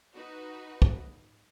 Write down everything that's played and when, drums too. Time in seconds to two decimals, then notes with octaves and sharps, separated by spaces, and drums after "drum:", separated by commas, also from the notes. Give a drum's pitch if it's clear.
0.15 D#4 F#4 B4
0.82 drum: kick